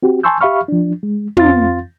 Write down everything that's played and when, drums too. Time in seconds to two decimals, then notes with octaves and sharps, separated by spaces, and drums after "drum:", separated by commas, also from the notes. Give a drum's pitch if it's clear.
0.03 C4 F#4 G4
0.23 G#5 A5 C6 C#6 E6 G6
0.41 G4 E5 F5 B5 C#6 F6
0.68 F3 D4
1.03 G#3
1.37 F2 C4 F4 F5 C6 A6, drum: tom